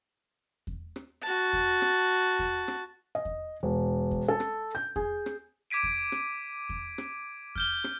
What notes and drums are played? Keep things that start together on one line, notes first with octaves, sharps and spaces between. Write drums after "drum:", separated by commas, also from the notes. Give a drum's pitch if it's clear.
drum: kick E2
drum: rim click
F#4 A5
drum: kick E2
drum: rim click
drum: kick E2
drum: rim click
D#5
drum: kick E2
E1
drum: kick E2
A4
drum: rim click
G6
G#4, drum: kick E2
drum: rim click
D6 G#6 B6 D7 D#7
drum: kick E2
drum: rim click
drum: kick E2
drum: rim click
F6 G6 G7, drum: kick E2
drum: rim click